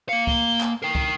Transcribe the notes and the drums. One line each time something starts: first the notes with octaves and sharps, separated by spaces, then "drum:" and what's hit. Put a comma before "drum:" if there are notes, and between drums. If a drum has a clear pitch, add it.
A#3 F5 C#7
G7, drum: kick
drum: clap
A#4 G5 C7
drum: kick